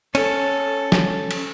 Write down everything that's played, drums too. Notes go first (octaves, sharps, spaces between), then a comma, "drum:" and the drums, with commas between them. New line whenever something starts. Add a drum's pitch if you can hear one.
C#4 A4, drum: cymbal
drum: snare
drum: cymbal